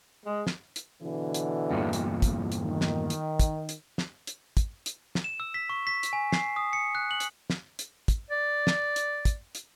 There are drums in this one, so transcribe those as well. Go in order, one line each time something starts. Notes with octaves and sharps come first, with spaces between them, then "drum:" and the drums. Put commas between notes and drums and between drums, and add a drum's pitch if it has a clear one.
G#3
drum: snare
drum: hi-hat
B2 D3 E3
drum: hi-hat
E2 G2 A#2
drum: hi-hat
drum: kick, hi-hat
drum: hi-hat
D#3
drum: snare
drum: hi-hat
drum: kick, hi-hat
drum: hi-hat
drum: snare
drum: hi-hat
drum: kick, hi-hat
drum: hi-hat
drum: snare
E7
E6
B6
C#6
B6
drum: hi-hat
G#5
C7, drum: snare
D#6
C#7
F#6
F#7
drum: hi-hat
drum: snare
drum: hi-hat
drum: kick, hi-hat
D5
drum: snare
drum: hi-hat
drum: kick, hi-hat
drum: hi-hat